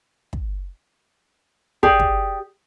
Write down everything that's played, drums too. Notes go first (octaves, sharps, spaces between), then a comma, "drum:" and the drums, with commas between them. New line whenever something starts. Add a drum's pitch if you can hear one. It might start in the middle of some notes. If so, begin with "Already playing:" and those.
drum: kick
G4 G#4 D5, drum: kick
drum: kick